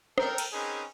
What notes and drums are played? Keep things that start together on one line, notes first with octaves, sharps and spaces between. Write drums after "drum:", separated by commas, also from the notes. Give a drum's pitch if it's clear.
A4 A#4 G5, drum: rim click
drum: cymbal
C4 C#4 D#4 G#4 A#4 B4